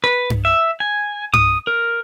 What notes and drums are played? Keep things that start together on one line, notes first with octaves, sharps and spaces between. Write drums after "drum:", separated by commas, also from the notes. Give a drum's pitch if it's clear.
B4
drum: tom G2
E5
G#5
D#6, drum: tom G2
A#4